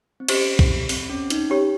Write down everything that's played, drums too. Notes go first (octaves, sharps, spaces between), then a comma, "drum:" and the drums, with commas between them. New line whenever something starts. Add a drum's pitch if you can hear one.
C4
C#4 G4 C5 D#5, drum: cymbal
C4, drum: kick B1
C4, drum: open hi-hat
C#4
D#4, drum: hi-hat
C#4 G4 C#5